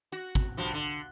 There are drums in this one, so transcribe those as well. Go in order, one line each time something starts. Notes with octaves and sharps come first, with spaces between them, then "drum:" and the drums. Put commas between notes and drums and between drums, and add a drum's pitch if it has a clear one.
F#4
drum: kick G#1
G2 F3 F#4
D3